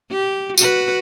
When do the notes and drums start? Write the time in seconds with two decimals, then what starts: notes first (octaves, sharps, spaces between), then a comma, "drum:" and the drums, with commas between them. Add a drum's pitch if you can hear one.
0.11 G4
0.58 F#4 B4, drum: tambourine